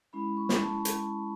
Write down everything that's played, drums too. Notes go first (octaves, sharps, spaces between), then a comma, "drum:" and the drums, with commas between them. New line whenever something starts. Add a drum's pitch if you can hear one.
G#3 C#4 E4 B5
C#6
drum: snare
A5
drum: hi-hat